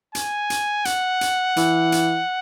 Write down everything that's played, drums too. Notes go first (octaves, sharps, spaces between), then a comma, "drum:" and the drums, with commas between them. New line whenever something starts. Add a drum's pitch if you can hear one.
G#5, drum: hi-hat
drum: hi-hat
F#5, drum: hi-hat
drum: hi-hat
E3, drum: hi-hat
drum: hi-hat